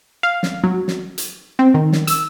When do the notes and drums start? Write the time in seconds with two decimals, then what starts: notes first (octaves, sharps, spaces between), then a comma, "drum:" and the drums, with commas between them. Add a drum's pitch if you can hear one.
0.23 F5
0.43 drum: snare
0.64 F#3
0.88 drum: snare
1.18 drum: hi-hat
1.59 C4
1.74 D#3
1.92 drum: snare
2.07 E6, drum: hi-hat